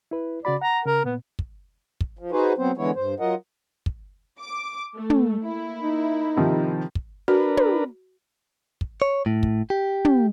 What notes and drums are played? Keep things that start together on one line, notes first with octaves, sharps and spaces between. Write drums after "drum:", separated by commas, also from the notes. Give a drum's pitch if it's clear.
E4 B4
C#3 F#4 D5 B5
F#5 A#5
C#3 A#4
A#2 B3
drum: kick
drum: kick
F3
D#4 F#4 G#4 B4 C5
F#3 B3 C4 C5
D3 E3 G#3 B3 E4 C#5
G2 C5
F#3 F4 A#4 D#5 F#5
drum: kick
D6
A3
drum: tom
A#3 E4
D#4
C3 D#3 F3
drum: kick
D4 F#4 A#4 B4
drum: tom
drum: kick
C#5
A2
drum: kick
G4
drum: tom